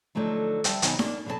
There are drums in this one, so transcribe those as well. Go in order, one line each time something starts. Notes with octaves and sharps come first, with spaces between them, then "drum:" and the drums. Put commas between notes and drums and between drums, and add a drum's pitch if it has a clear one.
D3 F3 F#3 A3 D#4
G3 E5 G5 A5, drum: hi-hat
B2 D#3 F#3 B3 D#4 G#5, drum: hi-hat
A#3 D4, drum: snare D#4
B2 D3 F#3 B3 A#4 A5